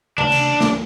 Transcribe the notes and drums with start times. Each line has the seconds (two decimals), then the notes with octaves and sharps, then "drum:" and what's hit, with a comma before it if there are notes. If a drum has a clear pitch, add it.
0.18 D4, drum: tom C3
0.32 drum: cymbal
0.60 drum: snare